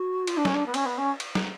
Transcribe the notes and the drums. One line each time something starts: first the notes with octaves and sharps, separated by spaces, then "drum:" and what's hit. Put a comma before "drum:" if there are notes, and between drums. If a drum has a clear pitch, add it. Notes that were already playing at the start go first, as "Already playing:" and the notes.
Already playing: F#4
F4, drum: cymbal
D4
C#4, drum: snare
D4
B3
C#4, drum: cymbal
B3
C#4
drum: cymbal
drum: snare